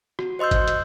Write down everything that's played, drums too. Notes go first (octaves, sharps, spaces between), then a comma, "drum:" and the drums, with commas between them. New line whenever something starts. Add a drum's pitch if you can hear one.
F#4, drum: rim click
C5 D#5 C6 E6 G6
drum: kick, hi-hat
drum: hi-hat